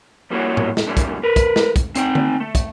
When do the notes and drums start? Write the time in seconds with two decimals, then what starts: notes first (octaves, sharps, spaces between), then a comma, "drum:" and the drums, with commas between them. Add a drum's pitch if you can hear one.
0.30 F3 G3 A#3 E4 F#4 C#5
0.57 drum: tom A2
0.77 drum: snare
0.87 D#2 D3 E3 G3
0.97 drum: kick, hi-hat
1.23 A#4 B4
1.36 drum: kick, hi-hat
1.56 drum: snare
1.76 drum: kick, hi-hat
1.95 C4 D#4 G5, drum: hi-hat
2.15 drum: tom D3
2.40 A3
2.55 drum: kick, hi-hat